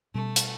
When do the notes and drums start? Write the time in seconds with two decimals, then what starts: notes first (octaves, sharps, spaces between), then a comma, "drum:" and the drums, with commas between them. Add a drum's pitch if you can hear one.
0.14 B2 G3 A3 C#4
0.36 drum: hi-hat